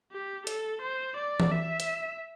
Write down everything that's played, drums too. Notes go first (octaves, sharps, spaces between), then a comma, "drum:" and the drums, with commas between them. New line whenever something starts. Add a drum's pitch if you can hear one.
G4
A4, drum: hi-hat
C5
D5
drum: tom E3
E5
drum: hi-hat